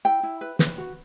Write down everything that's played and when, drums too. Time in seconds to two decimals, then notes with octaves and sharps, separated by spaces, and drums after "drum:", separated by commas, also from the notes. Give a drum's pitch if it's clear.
0.05 E4 G5
0.23 E4
0.41 B4
0.59 B4, drum: snare
0.78 F#4